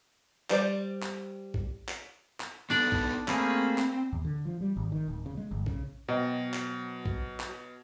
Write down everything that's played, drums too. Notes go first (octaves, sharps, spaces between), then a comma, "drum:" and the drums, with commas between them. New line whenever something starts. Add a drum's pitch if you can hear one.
G3 C5 D5, drum: clap
drum: clap
drum: kick A#1
drum: clap
drum: clap
B3 D4 D#4 A4 D5
drum: kick A#1
A3 A#3 C4 C#4 G#4 B5, drum: clap
drum: clap
D#2
D3
F3
G3
G#1
D#3
D1
C#3
G#3
G1
C#3, drum: kick A#1
B2 F#3 C5 D#5 G5
drum: clap
drum: kick A#1
drum: clap